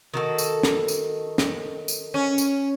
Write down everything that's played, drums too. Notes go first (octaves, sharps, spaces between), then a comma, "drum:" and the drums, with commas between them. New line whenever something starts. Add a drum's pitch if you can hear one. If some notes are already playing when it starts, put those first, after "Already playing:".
D#3 F#4 A4
drum: tambourine
drum: snare
drum: tambourine
drum: snare
drum: tambourine
C#4
drum: tambourine